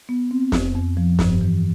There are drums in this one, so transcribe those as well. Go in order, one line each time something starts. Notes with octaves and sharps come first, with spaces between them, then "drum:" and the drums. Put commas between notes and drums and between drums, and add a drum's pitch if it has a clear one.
B3
C4
F2, drum: snare
F2
F3
G2, drum: snare
E3